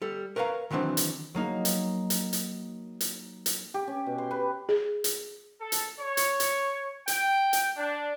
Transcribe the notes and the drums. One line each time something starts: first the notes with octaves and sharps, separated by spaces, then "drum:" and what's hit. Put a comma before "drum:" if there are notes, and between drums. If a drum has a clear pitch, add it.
G3 A4
A#4 B4 C#5 E5 F5 A#5
D#3 E3 F#3 C4 D4
drum: hi-hat
F#3 A#3 D#4
drum: hi-hat
drum: hi-hat
drum: hi-hat
drum: hi-hat
drum: hi-hat
G4
C#4
B2
C6
B4
G#4
drum: hi-hat
A4
drum: hi-hat
C#5
drum: hi-hat
drum: hi-hat
G5, drum: hi-hat
drum: hi-hat
D4